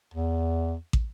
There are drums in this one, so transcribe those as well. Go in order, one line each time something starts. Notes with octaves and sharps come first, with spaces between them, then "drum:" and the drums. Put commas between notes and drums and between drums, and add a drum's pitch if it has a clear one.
E2
drum: kick